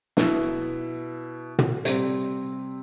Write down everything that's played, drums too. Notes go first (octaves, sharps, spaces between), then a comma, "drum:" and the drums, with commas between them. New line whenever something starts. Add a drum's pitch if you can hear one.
B2 B3 E4, drum: snare
drum: tom
C3 G3 C4, drum: hi-hat